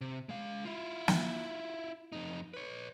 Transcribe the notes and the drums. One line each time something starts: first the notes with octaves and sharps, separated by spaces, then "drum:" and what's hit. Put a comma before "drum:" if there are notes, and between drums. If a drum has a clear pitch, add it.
C3
G#3 F5
E4 F4
drum: snare
F2 D#4
B4 C#5